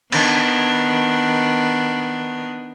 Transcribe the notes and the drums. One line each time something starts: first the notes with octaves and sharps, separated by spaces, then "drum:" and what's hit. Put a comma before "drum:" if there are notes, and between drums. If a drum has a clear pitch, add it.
D#3 B3 D4, drum: cymbal